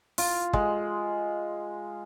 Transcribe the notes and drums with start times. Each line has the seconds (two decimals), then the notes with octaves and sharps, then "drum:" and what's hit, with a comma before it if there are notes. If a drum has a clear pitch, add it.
0.18 F4, drum: open hi-hat
0.53 G#3, drum: kick